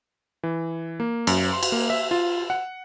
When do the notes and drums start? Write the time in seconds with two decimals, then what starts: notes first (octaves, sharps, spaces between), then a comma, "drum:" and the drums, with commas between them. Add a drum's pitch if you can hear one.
0.43 E3
1.00 A#3
1.27 F#2, drum: cymbal
1.53 C6
1.63 drum: cymbal
1.72 A#3
1.90 E5
2.11 F4
2.50 F#5